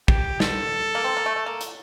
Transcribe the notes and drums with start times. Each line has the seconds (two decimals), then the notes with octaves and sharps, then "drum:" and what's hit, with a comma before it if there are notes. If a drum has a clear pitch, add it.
0.08 G4, drum: kick
0.40 A4, drum: snare
0.95 A#3
1.04 C4
1.17 A#3
1.26 A3
1.36 A3
1.46 A#3
1.61 drum: hi-hat